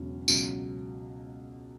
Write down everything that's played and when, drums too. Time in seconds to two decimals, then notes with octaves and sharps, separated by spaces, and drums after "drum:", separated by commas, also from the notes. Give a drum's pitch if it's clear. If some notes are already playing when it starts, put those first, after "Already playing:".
Already playing: E1 E2 C#3 F#3 C#4
0.28 C#2 B2 F#3, drum: tambourine